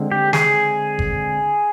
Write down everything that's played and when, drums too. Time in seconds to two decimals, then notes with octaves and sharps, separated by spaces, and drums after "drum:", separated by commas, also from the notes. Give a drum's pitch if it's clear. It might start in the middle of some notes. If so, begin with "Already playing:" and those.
Already playing: D3 G#3 C4
0.12 G4
0.33 G#4, drum: snare
0.99 drum: kick G1